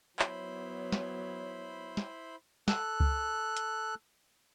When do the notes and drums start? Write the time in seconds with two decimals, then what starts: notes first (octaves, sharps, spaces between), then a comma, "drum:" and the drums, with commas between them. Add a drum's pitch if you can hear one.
0.19 F#3 B3 E4 C5 C#5 B5, drum: clap
0.92 drum: snare
1.97 drum: snare
2.68 A4 F#6, drum: snare
3.00 drum: kick C#2
3.57 drum: hi-hat